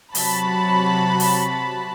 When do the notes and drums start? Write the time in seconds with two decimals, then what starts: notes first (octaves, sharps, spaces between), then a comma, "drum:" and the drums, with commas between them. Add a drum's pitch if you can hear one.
0.15 C3 F#3 F#4 A5 B5, drum: open hi-hat
1.20 drum: open hi-hat